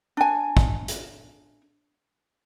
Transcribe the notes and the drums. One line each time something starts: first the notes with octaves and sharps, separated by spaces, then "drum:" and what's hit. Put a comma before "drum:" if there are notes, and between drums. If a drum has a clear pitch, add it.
D4 G#5
drum: kick
drum: hi-hat